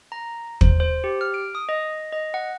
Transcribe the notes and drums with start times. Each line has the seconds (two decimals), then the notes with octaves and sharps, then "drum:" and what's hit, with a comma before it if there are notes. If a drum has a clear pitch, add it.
0.12 A#5
0.61 C5, drum: kick
0.80 C5
1.04 G4
1.21 F6
1.34 D7
1.55 D#6
1.69 D#5
2.13 D#5
2.34 F#5